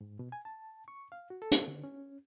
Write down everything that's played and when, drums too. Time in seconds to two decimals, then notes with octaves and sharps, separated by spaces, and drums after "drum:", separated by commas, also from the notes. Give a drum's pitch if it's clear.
0.01 G#2
0.19 B2
0.32 G#5
0.45 A5
0.88 C#6
1.12 F5
1.30 F#4
1.42 A4
1.51 drum: hi-hat
1.68 D3
1.84 C#4